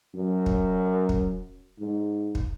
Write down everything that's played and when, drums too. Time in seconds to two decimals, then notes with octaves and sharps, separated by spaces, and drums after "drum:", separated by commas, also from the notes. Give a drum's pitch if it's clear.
0.15 F#2
0.46 drum: kick
1.09 drum: kick
1.80 G#2
2.35 drum: kick